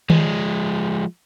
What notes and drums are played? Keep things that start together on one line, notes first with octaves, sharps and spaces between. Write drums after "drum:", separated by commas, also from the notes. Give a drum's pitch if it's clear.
F3 G#3, drum: tom D#3